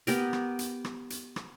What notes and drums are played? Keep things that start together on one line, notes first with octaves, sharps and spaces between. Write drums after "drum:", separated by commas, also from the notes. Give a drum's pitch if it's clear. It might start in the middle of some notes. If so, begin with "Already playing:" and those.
B3 G4 A#4, drum: hi-hat
drum: rim click
drum: hi-hat
drum: rim click
drum: hi-hat
drum: rim click